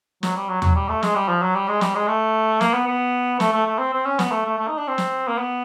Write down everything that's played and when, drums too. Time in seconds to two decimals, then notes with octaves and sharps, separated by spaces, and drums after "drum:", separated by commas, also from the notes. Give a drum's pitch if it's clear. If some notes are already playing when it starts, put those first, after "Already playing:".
0.23 F#3, drum: snare
0.36 G3
0.49 F#3
0.62 F#3, drum: tom
0.75 G3
0.88 A3
1.03 G#3, drum: snare
1.15 G3
1.29 F3
1.42 F#3
1.55 G3
1.68 G#3
1.81 G3, drum: snare
1.95 G#3
2.08 A3
2.61 A#3, drum: snare
2.74 B3
2.87 B3
3.40 A3, drum: snare
3.53 A3
3.66 A3
3.79 C4
3.93 C4
4.06 C#4
4.19 B3, drum: snare
4.31 A3
4.46 A3
4.58 A3
4.68 D#4
4.78 D4
4.88 C4
4.98 drum: snare
5.28 A#3
5.38 B3